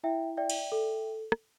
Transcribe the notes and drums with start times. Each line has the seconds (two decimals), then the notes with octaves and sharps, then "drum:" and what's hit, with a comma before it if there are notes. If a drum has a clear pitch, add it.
0.04 E4 E5 G5
0.37 D5 E5 G5
0.50 drum: cymbal
0.72 A4
1.32 drum: rim click